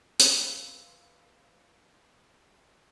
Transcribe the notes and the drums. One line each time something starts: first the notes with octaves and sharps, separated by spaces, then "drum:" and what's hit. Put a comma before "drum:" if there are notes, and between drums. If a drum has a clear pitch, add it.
B4 F5 C6 E6, drum: hi-hat